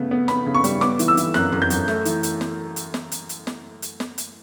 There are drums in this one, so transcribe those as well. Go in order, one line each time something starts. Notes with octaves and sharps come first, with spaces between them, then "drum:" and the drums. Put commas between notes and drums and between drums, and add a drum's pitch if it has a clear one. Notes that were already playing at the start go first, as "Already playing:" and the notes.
Already playing: C#3 A3 B3
B3
B3 B5, drum: snare
C#3
C#6
G3, drum: hi-hat
B3 D6, drum: snare
E3, drum: hi-hat
E6
E3, drum: hi-hat
F#2 F#6, drum: snare
F#2, drum: tom
G6
F#2, drum: hi-hat
A3, drum: snare
E3, drum: hi-hat
drum: hi-hat
drum: snare
drum: hi-hat
drum: snare
drum: hi-hat
drum: hi-hat
drum: snare
drum: hi-hat
drum: snare
drum: hi-hat